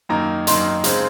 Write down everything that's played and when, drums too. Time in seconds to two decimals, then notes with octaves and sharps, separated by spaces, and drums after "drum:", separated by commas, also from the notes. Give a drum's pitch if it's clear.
0.09 F#2 D#3 A#3 D#4 A#5
0.47 F#2 D#3 A#3 D#4 C6, drum: hi-hat
0.84 C#3 G#3 C4 D#4, drum: hi-hat